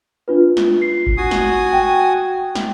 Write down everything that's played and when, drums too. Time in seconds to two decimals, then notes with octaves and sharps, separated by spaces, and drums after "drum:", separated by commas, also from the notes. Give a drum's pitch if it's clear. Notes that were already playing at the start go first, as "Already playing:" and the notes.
0.28 D4 F4 B4
0.57 drum: snare
0.82 C7
1.06 drum: kick G1
1.18 F#4 G#5 D#6
1.31 drum: snare
1.72 G5
2.55 drum: snare